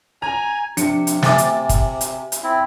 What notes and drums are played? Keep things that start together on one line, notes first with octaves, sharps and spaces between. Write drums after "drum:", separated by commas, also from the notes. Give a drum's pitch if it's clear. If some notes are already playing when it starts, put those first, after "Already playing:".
G#5 A#5
C3 F3 D4 C#7, drum: hi-hat
drum: hi-hat
C5 E5 G#5 D6 A6, drum: snare
drum: hi-hat
drum: kick, hi-hat
drum: hi-hat
drum: hi-hat
C4 E4